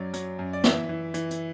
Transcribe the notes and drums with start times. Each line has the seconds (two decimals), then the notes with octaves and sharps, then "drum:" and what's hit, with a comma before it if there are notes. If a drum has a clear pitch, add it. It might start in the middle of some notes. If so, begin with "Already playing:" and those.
Already playing: F#2 F#3 D5
0.13 F#3, drum: hi-hat
0.39 F#2
0.53 D5
0.64 E3 E5, drum: snare
0.89 E3
1.14 E3, drum: hi-hat
1.31 drum: hi-hat